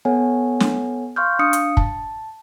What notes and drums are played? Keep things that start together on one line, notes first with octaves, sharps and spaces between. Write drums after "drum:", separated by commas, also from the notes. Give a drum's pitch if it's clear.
B3 A4 C#5 F#5 G#5
drum: snare
F5 C6 C#6 F6 G6
D4 F5 D#6 C#7
drum: hi-hat
A5, drum: kick